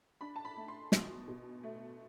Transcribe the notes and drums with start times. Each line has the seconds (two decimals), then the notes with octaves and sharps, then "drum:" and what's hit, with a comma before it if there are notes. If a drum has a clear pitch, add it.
0.21 D4 B5
0.36 A5
0.45 B5
0.56 A3
0.68 C6
0.92 B2, drum: snare
1.28 B2
1.63 A3